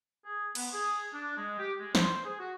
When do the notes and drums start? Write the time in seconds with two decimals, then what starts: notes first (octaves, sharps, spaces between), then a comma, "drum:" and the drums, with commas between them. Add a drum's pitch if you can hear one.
0.25 G#4
0.55 B3, drum: cymbal
0.74 G#4
1.14 D4
1.37 G#3
1.59 G4
1.80 G#3
1.95 C5, drum: snare
2.24 G#4
2.39 F#4